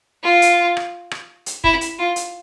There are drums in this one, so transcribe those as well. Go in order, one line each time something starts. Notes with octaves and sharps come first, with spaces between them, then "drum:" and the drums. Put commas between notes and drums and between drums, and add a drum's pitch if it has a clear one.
F4
drum: hi-hat
drum: rim click
drum: rim click
drum: hi-hat
E4, drum: kick
drum: hi-hat
F4
drum: hi-hat